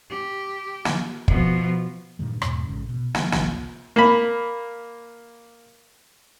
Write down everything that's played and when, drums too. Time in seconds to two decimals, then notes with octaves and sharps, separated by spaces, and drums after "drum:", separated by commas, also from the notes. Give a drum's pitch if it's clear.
0.10 G4
0.85 drum: snare
1.28 B2 F3, drum: kick
2.19 G2 A#2 D#3 G#3
2.42 E2 G#2 B2, drum: rim click
2.66 A1 G#2 C#3
2.89 B2
3.15 G3, drum: snare
3.32 G1 C#2 C3 E3, drum: snare
3.96 A#3 B5